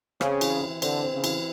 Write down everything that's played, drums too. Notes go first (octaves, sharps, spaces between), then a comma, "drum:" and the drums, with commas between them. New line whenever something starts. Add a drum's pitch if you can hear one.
C#3 C4, drum: rim click
E3, drum: cymbal
E3
D3 C4, drum: cymbal
C4
C#3
E3, drum: cymbal